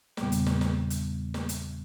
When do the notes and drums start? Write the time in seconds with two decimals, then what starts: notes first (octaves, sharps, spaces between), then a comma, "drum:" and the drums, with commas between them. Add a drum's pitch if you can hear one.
0.17 E2 A#2 C#3 G3 B3, drum: snare
0.32 drum: hi-hat
0.46 drum: snare
0.61 drum: snare
0.90 drum: hi-hat
1.34 drum: snare
1.49 drum: hi-hat